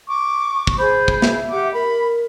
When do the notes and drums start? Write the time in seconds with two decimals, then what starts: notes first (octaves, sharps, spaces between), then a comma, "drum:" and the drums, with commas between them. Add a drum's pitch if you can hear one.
0.09 C#6 D6
0.67 drum: kick
0.78 G#4 C5 B5 G6
1.08 drum: kick
1.22 E5, drum: snare
1.50 G4 F#5 D6
1.74 A#4 B5